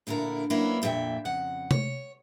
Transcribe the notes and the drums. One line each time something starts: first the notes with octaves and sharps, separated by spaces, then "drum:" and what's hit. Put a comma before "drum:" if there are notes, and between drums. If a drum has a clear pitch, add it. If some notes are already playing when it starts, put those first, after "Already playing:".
D2 A#2 D3 E4 A#4
F#3 A#3 B3 C#4 D4 E4
F2 A#2 G4 E5 G5
F2 C#3 F#5
C#5, drum: tom C3